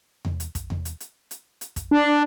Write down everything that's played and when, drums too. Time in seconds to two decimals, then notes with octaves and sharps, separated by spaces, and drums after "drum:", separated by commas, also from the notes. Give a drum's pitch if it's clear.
0.25 drum: tom E2
0.40 drum: hi-hat
0.55 drum: kick, hi-hat
0.70 drum: tom E2
0.85 drum: hi-hat
1.00 drum: hi-hat
1.31 drum: hi-hat
1.61 drum: hi-hat
1.76 drum: kick, hi-hat
1.91 D4